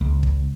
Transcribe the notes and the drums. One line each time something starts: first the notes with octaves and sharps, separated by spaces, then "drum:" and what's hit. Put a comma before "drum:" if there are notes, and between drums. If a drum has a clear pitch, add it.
C#2
drum: kick